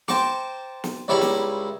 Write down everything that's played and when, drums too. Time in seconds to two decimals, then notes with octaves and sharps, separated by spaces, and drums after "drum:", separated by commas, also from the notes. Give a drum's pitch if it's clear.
0.08 C5 G5 A5 A#5 C#6 D6, drum: snare
0.84 drum: snare
1.08 C#2 G3 E4 C#5 A#5 B5
1.21 drum: snare